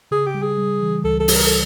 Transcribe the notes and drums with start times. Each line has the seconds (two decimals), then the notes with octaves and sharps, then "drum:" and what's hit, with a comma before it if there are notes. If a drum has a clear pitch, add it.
0.11 C#3 G#4
0.26 G4
0.35 G3
0.42 G#4
0.58 G3
0.81 E3
1.04 C#2 A4
1.20 A4
1.28 G3, drum: open hi-hat
1.35 A#4
1.47 A4